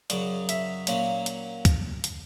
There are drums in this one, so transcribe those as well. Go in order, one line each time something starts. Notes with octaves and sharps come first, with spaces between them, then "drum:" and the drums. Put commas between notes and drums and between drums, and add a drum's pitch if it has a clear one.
F#2 C#3 F#3 D5, drum: hi-hat
E5, drum: hi-hat
A#2 F#3 A#3 C#4 F5, drum: hi-hat
drum: hi-hat
drum: kick, hi-hat
drum: hi-hat